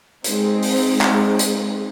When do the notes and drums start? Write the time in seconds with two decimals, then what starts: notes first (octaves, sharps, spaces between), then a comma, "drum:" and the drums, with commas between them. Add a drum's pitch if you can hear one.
0.24 G#3 C4 D#4, drum: hi-hat
0.63 drum: open hi-hat
1.01 drum: clap
1.39 drum: hi-hat